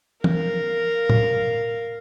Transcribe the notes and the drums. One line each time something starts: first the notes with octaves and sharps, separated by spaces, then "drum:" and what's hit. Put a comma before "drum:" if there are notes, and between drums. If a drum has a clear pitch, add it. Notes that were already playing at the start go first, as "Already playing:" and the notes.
A#4 F5, drum: tom
drum: tom